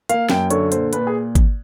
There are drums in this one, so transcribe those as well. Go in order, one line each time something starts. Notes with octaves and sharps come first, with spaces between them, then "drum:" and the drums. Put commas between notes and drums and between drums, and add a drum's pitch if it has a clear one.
A#3 F5, drum: hi-hat
F#2 G5, drum: snare
D3 C#5, drum: hi-hat
A#2 C5, drum: hi-hat
A#2 B4, drum: hi-hat
G#4
drum: kick G#1, hi-hat